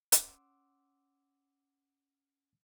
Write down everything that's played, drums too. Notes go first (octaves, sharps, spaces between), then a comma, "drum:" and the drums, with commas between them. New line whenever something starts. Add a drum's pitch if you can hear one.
C#4 F#5 C6 D6 E6, drum: hi-hat